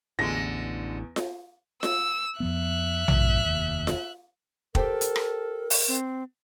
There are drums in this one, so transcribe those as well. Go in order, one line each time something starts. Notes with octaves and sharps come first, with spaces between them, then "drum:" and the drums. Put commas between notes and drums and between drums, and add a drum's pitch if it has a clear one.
A1 E2 D3 G#3 A#6
drum: snare F4
E6, drum: snare F4
F2 F3 B3 E5 F#6
G#2 B2 F3, drum: tom A#1
F1 D#2
drum: snare F4
G4 A4 A#4 C5 G5, drum: kick
drum: hi-hat
drum: rim click
drum: open hi-hat
C4